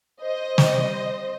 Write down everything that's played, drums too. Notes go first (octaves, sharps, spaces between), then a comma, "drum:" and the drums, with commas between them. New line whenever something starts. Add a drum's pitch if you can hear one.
C5 D#5
C3 G3, drum: snare